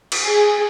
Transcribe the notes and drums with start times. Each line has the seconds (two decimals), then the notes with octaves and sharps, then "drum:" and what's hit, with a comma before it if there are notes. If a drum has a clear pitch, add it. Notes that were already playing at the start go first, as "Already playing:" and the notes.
0.12 drum: cymbal
0.24 G#4